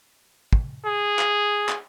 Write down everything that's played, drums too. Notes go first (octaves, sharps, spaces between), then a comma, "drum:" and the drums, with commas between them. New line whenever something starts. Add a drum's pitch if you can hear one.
drum: kick
G#4
drum: clap
drum: clap